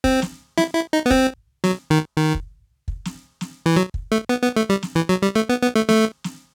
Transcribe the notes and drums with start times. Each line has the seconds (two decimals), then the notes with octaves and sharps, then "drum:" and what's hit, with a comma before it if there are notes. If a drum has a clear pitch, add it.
0.04 C4, drum: kick
0.22 drum: snare
0.58 E4, drum: snare
0.75 E4
0.93 D#4
1.06 B3
1.11 C4, drum: kick
1.64 F#3, drum: snare
1.90 D#3
2.17 D#3
2.35 drum: kick
2.88 drum: kick
3.05 drum: snare
3.41 drum: snare
3.66 E3
3.76 F#3
3.94 drum: kick
4.12 A3
4.29 B3
4.43 B3
4.56 A3
4.70 G3
4.83 drum: snare
4.95 E3
5.09 F#3
5.22 G3
5.35 A3
5.49 B3
5.62 B3
5.76 A3
5.89 A3, drum: snare
6.24 drum: snare